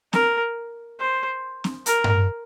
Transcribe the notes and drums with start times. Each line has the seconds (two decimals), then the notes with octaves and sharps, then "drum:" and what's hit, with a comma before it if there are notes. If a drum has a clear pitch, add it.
0.13 A#4, drum: snare C4
1.00 C5
1.64 drum: snare C4
1.86 A#4, drum: hi-hat
2.04 drum: tom G2